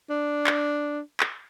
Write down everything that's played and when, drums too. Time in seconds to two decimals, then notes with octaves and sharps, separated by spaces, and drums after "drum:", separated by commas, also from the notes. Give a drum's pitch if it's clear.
0.10 D4
0.47 drum: clap
1.20 drum: clap